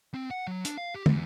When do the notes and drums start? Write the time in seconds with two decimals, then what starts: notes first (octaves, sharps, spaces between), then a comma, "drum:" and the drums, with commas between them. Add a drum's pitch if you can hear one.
0.14 C4
0.31 F#5
0.47 F#3
0.65 D4, drum: hi-hat
0.78 F5
0.94 G4
1.06 E2, drum: tom